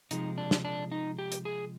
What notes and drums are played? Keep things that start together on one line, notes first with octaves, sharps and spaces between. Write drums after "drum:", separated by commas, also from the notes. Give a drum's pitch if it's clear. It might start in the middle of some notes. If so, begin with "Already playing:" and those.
C3 F3 G#3 D#4, drum: hi-hat
D4
drum: snare
D4
D#4
G4
drum: hi-hat
G#4